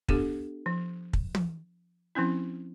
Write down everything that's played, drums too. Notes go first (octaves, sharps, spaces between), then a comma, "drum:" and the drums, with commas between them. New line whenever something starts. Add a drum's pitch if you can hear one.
B3 D4 G4 A4, drum: kick
F3
drum: kick
drum: tom
F3 C4 C#4 E4